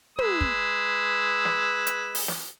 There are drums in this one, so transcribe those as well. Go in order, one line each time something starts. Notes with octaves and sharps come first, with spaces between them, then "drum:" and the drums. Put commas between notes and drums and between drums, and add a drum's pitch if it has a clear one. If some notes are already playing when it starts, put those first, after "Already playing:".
G#3 B4 E6, drum: tom
drum: kick
drum: snare
drum: hi-hat
drum: open hi-hat
drum: snare